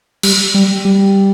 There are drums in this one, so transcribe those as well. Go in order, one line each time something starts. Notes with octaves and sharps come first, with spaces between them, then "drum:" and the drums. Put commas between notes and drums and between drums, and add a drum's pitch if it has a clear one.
G3, drum: cymbal
G3
G3